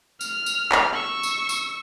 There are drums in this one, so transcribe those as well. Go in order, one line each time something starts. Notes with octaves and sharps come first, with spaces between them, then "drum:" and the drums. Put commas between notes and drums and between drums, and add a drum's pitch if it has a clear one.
F6, drum: tambourine
drum: tambourine
drum: clap
C#6 E6
drum: tambourine
drum: tambourine